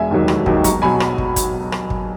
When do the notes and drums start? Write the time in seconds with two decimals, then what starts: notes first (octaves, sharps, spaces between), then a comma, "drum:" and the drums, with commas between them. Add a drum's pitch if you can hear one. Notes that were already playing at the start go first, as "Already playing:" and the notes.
Already playing: E1 E5 G#5
0.11 D#2 D#3 F#3
0.28 E1, drum: rim click
0.46 D#2 D#3 F#3, drum: kick
0.64 B1 A#5 C#6, drum: kick, hi-hat
0.82 B2 F#3 G#5 B5
1.00 drum: rim click
1.18 drum: kick
1.36 drum: kick, hi-hat
1.72 drum: rim click
1.90 drum: kick